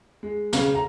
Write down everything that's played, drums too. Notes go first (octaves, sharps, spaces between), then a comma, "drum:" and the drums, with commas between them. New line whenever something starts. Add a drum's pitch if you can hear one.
G#3
C#3, drum: snare
A#5